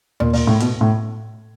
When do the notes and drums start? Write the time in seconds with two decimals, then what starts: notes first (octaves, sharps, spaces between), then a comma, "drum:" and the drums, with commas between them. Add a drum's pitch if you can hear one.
0.20 A#2, drum: tom D#2
0.33 A#2, drum: open hi-hat
0.47 A2
0.60 B2, drum: hi-hat
0.81 A2